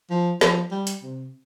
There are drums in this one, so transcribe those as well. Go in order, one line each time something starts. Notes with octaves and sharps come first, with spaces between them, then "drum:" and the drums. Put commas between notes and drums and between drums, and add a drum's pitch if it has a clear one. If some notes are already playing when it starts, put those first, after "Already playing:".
F3
F3, drum: snare
G3
drum: hi-hat
C3